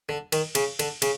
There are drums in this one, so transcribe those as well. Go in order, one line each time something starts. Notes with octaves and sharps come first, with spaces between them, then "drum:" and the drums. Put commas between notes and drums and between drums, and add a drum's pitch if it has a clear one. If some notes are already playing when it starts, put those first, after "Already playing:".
D3
D#3, drum: cymbal
C#3, drum: cymbal
D3, drum: cymbal
C#3, drum: cymbal